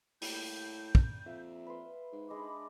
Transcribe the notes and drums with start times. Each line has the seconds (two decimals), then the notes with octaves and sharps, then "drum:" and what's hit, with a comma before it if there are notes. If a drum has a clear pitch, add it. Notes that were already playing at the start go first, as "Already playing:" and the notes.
0.22 A2 G3 A#3 G6, drum: open hi-hat
0.95 drum: kick
1.26 F2 E5 F5
1.67 B4 C6
2.12 G#2 D#4
2.30 G#3 D4 D#5 B5 D6